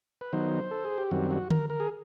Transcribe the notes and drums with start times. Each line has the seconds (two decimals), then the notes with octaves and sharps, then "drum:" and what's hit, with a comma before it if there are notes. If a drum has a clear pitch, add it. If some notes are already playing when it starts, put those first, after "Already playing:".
0.21 B4
0.33 D#3 F#3 B3 D#4 C5
0.71 A4
0.85 G#4
0.98 G4
1.11 F#2 D#3 G3 C4 F#4
1.31 F#4
1.50 A#4, drum: tom D3
1.70 A#4
1.80 G#4